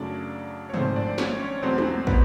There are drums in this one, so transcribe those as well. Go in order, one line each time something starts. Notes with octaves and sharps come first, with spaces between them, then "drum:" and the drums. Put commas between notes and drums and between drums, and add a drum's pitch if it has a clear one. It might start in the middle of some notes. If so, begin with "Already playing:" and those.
Already playing: F#2 C#3 F#3 A3 D4 D5
C#5
G#1 G#2 F3 A3 C4 C5, drum: tom
D4 D5
C#4 C#5, drum: snare
C#4 C#5
E2 B2 F#3 A3 C4 C5
drum: tom
B3 B4, drum: kick